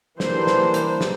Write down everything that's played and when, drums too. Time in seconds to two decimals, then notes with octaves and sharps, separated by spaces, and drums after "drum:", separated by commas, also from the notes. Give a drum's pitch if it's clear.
0.20 E3 G3 A#3 D4 C5, drum: snare
0.47 drum: snare
0.74 drum: hi-hat
1.01 drum: snare